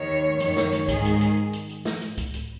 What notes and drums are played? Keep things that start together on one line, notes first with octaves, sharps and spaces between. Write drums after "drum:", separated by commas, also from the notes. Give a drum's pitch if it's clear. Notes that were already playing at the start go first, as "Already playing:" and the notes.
Already playing: D#2 D#3 C#5
F#2 D#3 C#5, drum: hi-hat
drum: snare
drum: hi-hat
G#2 D#3 G#4, drum: kick C#2, hi-hat
drum: hi-hat
drum: hi-hat
drum: hi-hat
drum: hi-hat
drum: snare
drum: hi-hat
drum: kick C#2, hi-hat
drum: hi-hat